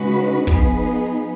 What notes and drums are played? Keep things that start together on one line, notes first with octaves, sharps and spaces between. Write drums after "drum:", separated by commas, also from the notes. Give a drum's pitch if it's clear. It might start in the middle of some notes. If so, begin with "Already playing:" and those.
Already playing: C#3 G#3 D#4 F#4 B4
F3 B3 D#4 G#4 B4, drum: kick